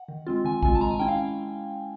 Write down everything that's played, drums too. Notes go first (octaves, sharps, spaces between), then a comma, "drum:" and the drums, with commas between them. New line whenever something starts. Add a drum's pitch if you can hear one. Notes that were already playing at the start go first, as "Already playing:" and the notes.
Already playing: F#5
D#3
G#3 C4 F4
D#3 G#5
G#3 C4 F4 G#5, drum: kick A1
A5
G#3 A#5
G#5
C#4 E4 G5
F5